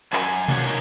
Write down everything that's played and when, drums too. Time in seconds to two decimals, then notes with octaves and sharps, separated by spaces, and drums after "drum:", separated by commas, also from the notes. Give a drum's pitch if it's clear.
0.13 F#2 G#5, drum: clap
0.48 A#3 D4 F4 F#4 C#5, drum: tom B2
0.66 D#4 A#4 B4 C#5